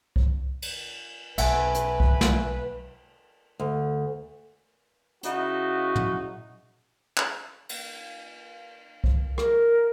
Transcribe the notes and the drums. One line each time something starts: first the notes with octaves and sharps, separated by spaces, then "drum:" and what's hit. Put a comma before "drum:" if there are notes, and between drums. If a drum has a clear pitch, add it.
drum: kick C2
drum: cymbal
B1 B4 E5 F#5 G#5, drum: cymbal
drum: hi-hat
drum: kick C2
drum: snare
D2
C#3 D#4 E4 F#4, drum: hi-hat
drum: tom
drum: clap
drum: cymbal
drum: kick C2
A#4, drum: rim click